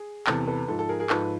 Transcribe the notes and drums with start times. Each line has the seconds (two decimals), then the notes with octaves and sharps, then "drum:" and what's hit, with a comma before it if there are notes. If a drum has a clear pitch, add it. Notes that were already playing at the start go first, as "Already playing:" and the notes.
Already playing: G#4
0.27 E2 C3 E3 A4, drum: clap
0.48 A4 B4
0.68 G#2 F3 A4
0.79 A4
0.89 G#4 A#4
1.00 G#4 A#4
1.10 G#2 F3 A4 B4, drum: clap